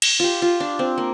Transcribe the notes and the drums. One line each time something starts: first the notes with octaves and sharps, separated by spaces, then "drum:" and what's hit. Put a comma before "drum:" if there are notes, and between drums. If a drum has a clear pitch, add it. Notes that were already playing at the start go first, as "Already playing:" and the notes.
drum: cymbal
F4 G4
F4
D4
C4
A#3